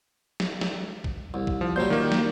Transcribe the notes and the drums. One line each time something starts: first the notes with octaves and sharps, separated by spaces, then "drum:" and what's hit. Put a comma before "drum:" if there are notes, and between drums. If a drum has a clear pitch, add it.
drum: snare
drum: snare
drum: kick A#1
C2
drum: kick A#1
F3
A#2 F#3 G3 C5 G6
D#3 A#3
drum: snare